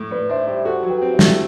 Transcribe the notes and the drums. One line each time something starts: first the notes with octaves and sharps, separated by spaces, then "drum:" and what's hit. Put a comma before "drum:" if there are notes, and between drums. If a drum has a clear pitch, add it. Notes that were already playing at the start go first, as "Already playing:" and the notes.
Already playing: A2
A2 B4 D5
D4 C5 E5
G3 C5 E5
F#4 A4 C5
F#3
G4 B4
C4
E4 G4
A3, drum: snare